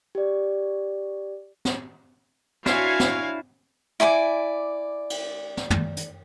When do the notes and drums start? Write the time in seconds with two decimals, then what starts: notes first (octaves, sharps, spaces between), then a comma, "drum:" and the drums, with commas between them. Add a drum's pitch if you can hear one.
0.15 G4 D5
1.65 drum: snare
2.66 D4 E4 F#4 C5 C#5 F5 G#5, drum: snare
3.00 drum: snare
4.00 E4 D5 G#5 D6
5.10 drum: cymbal
5.57 drum: snare
5.70 drum: tom
5.97 drum: hi-hat